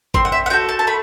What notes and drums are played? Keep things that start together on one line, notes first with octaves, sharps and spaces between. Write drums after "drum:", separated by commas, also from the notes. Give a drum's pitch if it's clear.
C4 C6, drum: kick G#1
F#5
E5
F#5
F#4 A4 G5
A5
A5
A3 B5